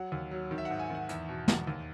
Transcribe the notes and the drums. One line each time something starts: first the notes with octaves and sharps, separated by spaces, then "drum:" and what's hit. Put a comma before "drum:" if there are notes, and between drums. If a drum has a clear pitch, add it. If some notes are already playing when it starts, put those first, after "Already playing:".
Already playing: F#3 F#5
D#2
F#3
D#3
E5
G#2 F#5
G#5
D#3 F#5
E2 E5, drum: hi-hat
B2
E2, drum: snare
D#2